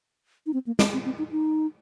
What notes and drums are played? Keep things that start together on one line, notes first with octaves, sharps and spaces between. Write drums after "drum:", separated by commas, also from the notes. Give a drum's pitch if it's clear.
D#4
C4
A#3
C4, drum: snare
C4
C4
D#4
D#4